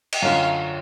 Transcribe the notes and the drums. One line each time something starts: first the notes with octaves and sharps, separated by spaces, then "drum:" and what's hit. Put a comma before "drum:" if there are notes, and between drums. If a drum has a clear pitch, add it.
drum: cymbal
F#2 D3 F#3 C#4 F4 F5